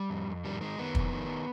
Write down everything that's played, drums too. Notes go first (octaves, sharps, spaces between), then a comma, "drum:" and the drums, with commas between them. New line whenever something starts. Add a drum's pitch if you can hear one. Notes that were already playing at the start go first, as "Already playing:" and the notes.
Already playing: G3
F2
F2
D#3 G3
D#3 G#3
D#3 B3
F2, drum: kick
D#3